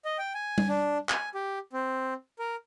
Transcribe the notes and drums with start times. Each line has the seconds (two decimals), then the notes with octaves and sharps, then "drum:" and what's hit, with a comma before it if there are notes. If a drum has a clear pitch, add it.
0.05 D#5
0.18 G5
0.34 G#5
0.58 drum: tom G3
0.69 D4
1.09 G#5, drum: clap
1.35 G4
1.73 C4
2.39 A#4